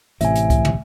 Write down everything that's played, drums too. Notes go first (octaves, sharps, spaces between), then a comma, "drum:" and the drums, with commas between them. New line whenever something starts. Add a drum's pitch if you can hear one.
A1 A2 C3 E5 G#5, drum: hi-hat
drum: hi-hat
drum: kick C#2, hi-hat
drum: tom